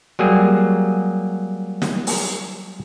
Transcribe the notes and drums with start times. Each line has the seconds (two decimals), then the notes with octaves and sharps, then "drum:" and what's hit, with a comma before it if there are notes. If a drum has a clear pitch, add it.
0.19 F#3 G3 A#3 G#4
1.82 drum: snare
2.07 drum: open hi-hat